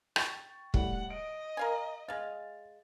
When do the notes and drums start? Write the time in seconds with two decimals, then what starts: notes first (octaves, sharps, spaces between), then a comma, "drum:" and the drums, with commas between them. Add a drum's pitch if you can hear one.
0.16 G5 C#6 A6, drum: rim click
0.74 A2 G3 F#5, drum: kick
1.10 D#5 D7
1.57 A#4 F5 G#5
2.08 G#3 F5 A6